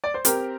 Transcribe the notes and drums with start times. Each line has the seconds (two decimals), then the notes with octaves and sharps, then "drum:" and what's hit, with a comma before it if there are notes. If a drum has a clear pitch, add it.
0.04 D5
0.14 C5
0.25 C4 G4 A#4, drum: hi-hat